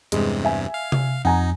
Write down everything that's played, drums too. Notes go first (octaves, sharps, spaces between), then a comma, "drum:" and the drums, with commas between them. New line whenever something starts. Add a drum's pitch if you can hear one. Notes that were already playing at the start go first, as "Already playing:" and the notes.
E2 G2 C3 G#3, drum: hi-hat
E5 G#5
F5
drum: tom C3
F2 D#4 F#5 G#5 A#5